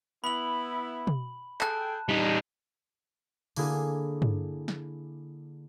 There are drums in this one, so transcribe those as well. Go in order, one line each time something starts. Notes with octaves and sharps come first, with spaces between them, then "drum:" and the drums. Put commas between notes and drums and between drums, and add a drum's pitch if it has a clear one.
B3 E4 B5 F#7
drum: tom
G#4 A4 G5 A5 F#6, drum: clap
G3 D4 D#4
D3 A#3 E4 G#4, drum: open hi-hat
drum: tom G2
drum: snare